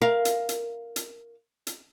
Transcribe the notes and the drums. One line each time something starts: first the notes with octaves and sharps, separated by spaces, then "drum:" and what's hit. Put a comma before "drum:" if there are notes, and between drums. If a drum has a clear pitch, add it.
A#4 F5
drum: hi-hat
drum: hi-hat
drum: hi-hat
drum: hi-hat